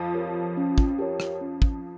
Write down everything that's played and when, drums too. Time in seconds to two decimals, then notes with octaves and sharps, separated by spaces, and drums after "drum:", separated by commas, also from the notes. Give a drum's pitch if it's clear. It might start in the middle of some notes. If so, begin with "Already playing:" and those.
Already playing: F2 F3
0.14 G4 A#4 C#5
0.57 C#4
0.78 drum: kick
0.99 G4 A#4 C#5
1.20 drum: rim click
1.41 C#4
1.62 drum: kick